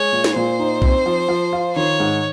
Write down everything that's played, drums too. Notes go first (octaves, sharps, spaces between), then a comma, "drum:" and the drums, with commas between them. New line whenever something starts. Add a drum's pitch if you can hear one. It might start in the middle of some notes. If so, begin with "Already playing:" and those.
Already playing: G#3 C#5
A#2
drum: snare
A#2 C5
D#4
C4, drum: kick B1
F3
F3
F4
D#3 C#5
G#2